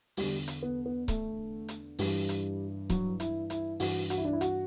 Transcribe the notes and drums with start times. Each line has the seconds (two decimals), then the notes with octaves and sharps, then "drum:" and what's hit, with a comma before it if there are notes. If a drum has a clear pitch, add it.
0.17 E2 D3 G3, drum: open hi-hat
0.47 drum: hi-hat
0.62 B3
0.86 B3
1.08 A3, drum: kick C#1, hi-hat
1.68 drum: hi-hat
1.99 G2 E3 G3, drum: open hi-hat
2.29 drum: hi-hat
2.90 F#3, drum: kick C#1, hi-hat
3.20 E4, drum: hi-hat
3.50 E4, drum: hi-hat
3.80 G2 E3 F#4, drum: open hi-hat
4.10 F#4, drum: hi-hat
4.18 E4
4.25 D4
4.33 E4
4.41 F#4, drum: hi-hat